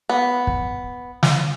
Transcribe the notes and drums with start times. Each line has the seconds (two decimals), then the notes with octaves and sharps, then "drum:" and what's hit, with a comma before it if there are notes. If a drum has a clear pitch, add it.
0.09 B3
0.47 drum: kick
1.23 drum: snare